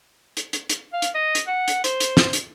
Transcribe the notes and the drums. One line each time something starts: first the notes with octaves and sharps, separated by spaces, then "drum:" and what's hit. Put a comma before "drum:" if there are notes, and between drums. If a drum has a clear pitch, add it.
drum: hi-hat
drum: hi-hat
drum: hi-hat
F5
drum: hi-hat
D#5
drum: hi-hat
F#5
drum: hi-hat
C5, drum: hi-hat
drum: hi-hat
drum: snare
drum: hi-hat